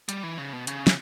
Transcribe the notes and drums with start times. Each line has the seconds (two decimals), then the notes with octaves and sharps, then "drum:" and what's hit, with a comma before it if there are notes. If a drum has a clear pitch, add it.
0.09 G3, drum: hi-hat
0.23 E3
0.38 C#3
0.53 B2
0.67 C#3, drum: hi-hat
0.87 drum: snare